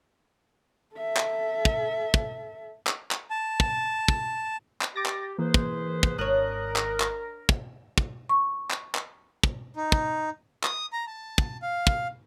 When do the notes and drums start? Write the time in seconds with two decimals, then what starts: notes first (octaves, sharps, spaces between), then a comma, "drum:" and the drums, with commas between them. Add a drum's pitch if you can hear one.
0.95 A4 E5
1.17 drum: clap
1.65 drum: kick
2.14 drum: kick
2.87 drum: clap
3.11 drum: clap
3.30 A5
3.60 drum: kick
4.08 drum: kick
4.81 drum: clap
4.96 G4 D6 A6 A#6
5.06 drum: clap
5.38 E3 A#3 G#4 B4 C5
5.54 drum: kick
6.03 drum: kick
6.18 G#1 D4 A#4 C#5 D#6 F#6
6.76 drum: clap
7.00 drum: clap
7.49 drum: kick
7.98 drum: kick
8.29 C#6
8.71 drum: clap
8.95 drum: clap
9.43 drum: kick
9.76 D#4
9.92 drum: kick
10.64 D#6, drum: clap
10.93 A#5
11.07 A5
11.38 drum: kick
11.62 F5
11.87 drum: kick